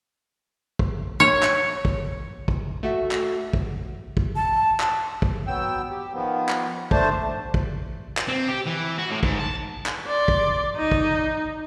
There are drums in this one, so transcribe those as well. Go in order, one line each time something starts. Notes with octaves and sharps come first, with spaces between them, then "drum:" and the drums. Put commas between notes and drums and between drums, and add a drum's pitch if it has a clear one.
drum: kick
C#5
drum: clap
drum: kick
drum: kick
A3 F#4 E5
drum: clap
drum: kick
drum: kick
A5
drum: clap
drum: kick
F#3 B3 G5 E6
G4
D#3 F3 B3
drum: clap
A3 D4 C5 A5, drum: kick
drum: kick
drum: clap
C4
G4
E3
F#4
A2
G#2, drum: kick
A5
drum: clap
D5 C6
drum: kick
D#4
drum: kick